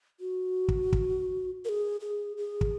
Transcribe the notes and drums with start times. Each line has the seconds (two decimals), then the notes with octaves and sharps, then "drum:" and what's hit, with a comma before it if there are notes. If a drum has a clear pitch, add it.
0.20 F#4
0.68 drum: kick
0.93 drum: kick
1.65 A#4
1.69 G#4
2.01 G#4
2.37 G#4
2.61 drum: kick